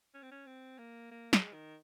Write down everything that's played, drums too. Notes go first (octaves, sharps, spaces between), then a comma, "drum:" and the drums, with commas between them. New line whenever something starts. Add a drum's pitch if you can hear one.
C#4
C4
C#4
C4
A#3
A#3
G#3, drum: snare
D#3